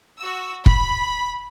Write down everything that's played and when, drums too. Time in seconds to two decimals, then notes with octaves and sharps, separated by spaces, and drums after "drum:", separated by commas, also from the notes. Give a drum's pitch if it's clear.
0.18 F#4 E6
0.66 B5, drum: kick